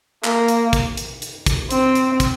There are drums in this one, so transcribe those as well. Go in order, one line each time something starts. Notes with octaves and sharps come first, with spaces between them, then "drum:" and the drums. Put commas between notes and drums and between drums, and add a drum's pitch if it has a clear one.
A#3, drum: clap
drum: hi-hat
drum: kick, hi-hat
drum: hi-hat
drum: hi-hat
drum: kick, hi-hat
C4, drum: hi-hat
drum: hi-hat
drum: kick, hi-hat